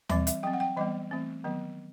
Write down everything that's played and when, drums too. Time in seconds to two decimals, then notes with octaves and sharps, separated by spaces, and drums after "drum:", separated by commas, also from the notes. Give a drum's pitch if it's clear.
0.09 E3 G3 C4 E5, drum: tom D#2
0.27 E5, drum: hi-hat
0.43 F#3 C4 G5
0.53 F#5
0.60 G5
0.77 E3 G3 B3 D#5
1.11 E3 A3 C4
1.44 D#3 F#3 B3